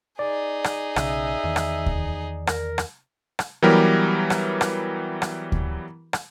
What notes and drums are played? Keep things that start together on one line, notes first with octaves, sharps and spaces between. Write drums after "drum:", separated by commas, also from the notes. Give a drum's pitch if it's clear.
D#4 G#4 D5
drum: rim click
B1 C#3 E5, drum: rim click
E2 D#3
drum: rim click
drum: kick D2
A#4, drum: rim click
drum: rim click
drum: rim click
E3 F#3 G3 B3 G4 A#4
drum: rim click
drum: rim click
drum: rim click
drum: kick D2
drum: rim click